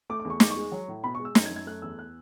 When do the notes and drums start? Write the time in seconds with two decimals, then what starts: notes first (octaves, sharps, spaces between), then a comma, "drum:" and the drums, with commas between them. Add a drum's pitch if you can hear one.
0.10 A3 D6
0.20 D6
0.25 E2
0.30 C#6
0.40 G#3 D6, drum: snare
0.51 C#6
0.57 G#3
0.72 F#3
0.88 A2
1.04 B2 B5
1.15 C#6
1.20 G#3
1.25 E6
1.35 F#2, drum: snare
1.46 G#6
1.50 F#2
1.56 G#6
1.67 A3 F#6
1.82 E2 E6
1.99 F#6